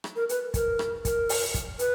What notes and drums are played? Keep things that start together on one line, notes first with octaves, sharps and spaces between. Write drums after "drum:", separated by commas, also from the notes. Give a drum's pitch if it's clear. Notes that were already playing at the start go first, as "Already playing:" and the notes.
drum: rim click
A#4
B4, drum: hi-hat
A#4, drum: kick, hi-hat
drum: rim click
A#4, drum: kick, hi-hat
drum: open hi-hat
drum: kick, hi-hat
B4, drum: hi-hat